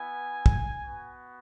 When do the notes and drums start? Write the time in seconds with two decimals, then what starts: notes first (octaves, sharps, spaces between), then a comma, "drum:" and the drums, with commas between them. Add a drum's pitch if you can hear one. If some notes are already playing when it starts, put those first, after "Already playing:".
Already playing: B3 E4 G#5
0.46 drum: kick
0.85 B3 F#4